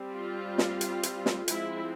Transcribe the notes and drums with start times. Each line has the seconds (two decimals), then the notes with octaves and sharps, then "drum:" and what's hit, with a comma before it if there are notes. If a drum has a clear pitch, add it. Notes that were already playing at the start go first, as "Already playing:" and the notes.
Already playing: G3 C4
0.13 F4
0.58 drum: snare
0.81 drum: hi-hat
1.03 drum: hi-hat
1.26 drum: snare
1.48 F3 G#3 C4 E4, drum: hi-hat